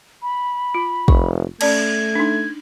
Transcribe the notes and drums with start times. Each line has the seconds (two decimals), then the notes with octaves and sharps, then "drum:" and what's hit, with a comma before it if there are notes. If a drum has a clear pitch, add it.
0.22 B5
0.74 F4
1.08 F1 C#6, drum: kick
1.61 A3 C#4 D5 A5 G#6, drum: cymbal
2.15 D4 D#4